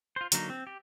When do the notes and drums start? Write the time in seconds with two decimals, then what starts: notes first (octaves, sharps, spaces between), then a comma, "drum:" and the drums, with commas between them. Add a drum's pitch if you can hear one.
0.16 F4 C5
0.32 D3 F#3 A#3 D#4, drum: hi-hat
0.50 C4
0.67 G4